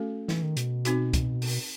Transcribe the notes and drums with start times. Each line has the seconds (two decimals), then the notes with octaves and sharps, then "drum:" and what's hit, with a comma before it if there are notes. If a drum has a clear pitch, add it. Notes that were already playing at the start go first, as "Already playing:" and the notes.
Already playing: A3 C#4 F#4 A4
0.28 E3, drum: snare
0.43 D#3
0.57 B2, drum: hi-hat
0.85 C4 D#4 F#4, drum: hi-hat
1.13 drum: kick, hi-hat
1.42 drum: open hi-hat